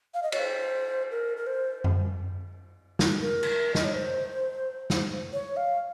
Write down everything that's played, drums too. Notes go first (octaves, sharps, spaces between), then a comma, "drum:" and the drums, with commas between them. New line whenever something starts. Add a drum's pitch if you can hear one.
F5
D#5
C#5, drum: cymbal
C5
A#4
A#4
C5
drum: tom F#2
drum: snare
A#4
drum: cymbal
D#5, drum: snare
C#5
C5
drum: snare
C#5
F5